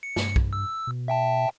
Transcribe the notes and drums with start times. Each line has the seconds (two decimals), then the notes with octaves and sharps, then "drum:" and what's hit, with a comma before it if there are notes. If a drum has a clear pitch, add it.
0.03 C#7
0.16 G2, drum: snare
0.36 drum: kick B1
0.53 E6
0.87 B2
1.08 E5 G5 A5